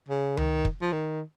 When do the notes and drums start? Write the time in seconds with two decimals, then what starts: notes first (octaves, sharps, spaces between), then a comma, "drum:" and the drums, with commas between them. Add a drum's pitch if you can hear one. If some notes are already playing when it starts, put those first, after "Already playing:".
0.08 C#3
0.37 D#3, drum: tom C#2
0.65 drum: kick
0.82 F3
0.92 D#3